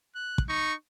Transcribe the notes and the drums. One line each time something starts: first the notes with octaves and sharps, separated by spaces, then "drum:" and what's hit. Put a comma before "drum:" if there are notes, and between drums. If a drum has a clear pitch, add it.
F#6
drum: kick
D#4 C#6